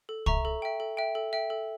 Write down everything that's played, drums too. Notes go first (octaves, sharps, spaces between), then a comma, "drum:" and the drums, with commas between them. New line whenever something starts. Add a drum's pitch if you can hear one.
A4
E5 A#5 C#6, drum: kick
A4
E5 G5
A4
E5 G5
A4
E5 G5
A4